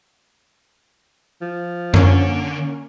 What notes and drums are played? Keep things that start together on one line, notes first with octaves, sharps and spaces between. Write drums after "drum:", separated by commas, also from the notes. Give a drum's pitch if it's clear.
F3
D3 A#3 C#4, drum: tom F#2